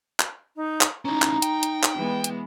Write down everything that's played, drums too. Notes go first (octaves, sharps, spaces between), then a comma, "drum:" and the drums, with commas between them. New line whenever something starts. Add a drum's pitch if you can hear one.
drum: clap
D#4
drum: clap
C#4 D#4 E4 A#5
drum: clap
G5, drum: hi-hat
drum: hi-hat
drum: clap
E3 G#3 B3
drum: hi-hat